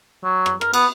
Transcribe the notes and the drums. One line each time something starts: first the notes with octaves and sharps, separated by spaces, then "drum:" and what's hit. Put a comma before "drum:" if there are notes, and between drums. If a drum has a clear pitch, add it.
F#3
drum: rim click
A#4, drum: rim click
B3, drum: cymbal